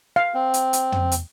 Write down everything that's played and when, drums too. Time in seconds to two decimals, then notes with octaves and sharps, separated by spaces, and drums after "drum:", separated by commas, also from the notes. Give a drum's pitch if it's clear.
0.16 F5
0.34 C4
0.54 drum: hi-hat
0.73 drum: hi-hat
0.92 drum: tom
1.12 drum: hi-hat